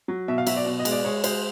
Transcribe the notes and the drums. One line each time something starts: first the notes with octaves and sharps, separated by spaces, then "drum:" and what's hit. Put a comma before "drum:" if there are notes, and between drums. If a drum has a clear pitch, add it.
F#3
B2 E5
F5
F#3 E5, drum: cymbal
D5
B2
D#5
G#3, drum: cymbal
D5
G#3 C#5
G#3 C5, drum: cymbal